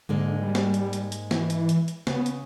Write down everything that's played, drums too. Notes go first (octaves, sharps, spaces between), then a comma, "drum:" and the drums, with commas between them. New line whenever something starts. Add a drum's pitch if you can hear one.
G#2 D3 G#3 A#3
G3
drum: snare A#3
drum: hi-hat
drum: hi-hat
drum: hi-hat
E3, drum: snare A#3
drum: hi-hat
drum: hi-hat
drum: hi-hat
C#3 B3, drum: snare A#3
drum: hi-hat